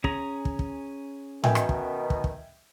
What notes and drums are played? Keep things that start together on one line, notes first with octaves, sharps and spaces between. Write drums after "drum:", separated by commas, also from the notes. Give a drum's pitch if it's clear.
C#4 G#4 A#5, drum: kick
drum: kick
drum: kick
B2 D#3 E5 G5 G#5, drum: tom A2
drum: rim click
drum: kick
drum: kick
drum: kick